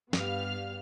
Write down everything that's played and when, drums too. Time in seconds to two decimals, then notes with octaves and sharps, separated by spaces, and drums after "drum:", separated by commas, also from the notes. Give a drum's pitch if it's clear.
0.13 G2 G3 B3 F5 F6, drum: snare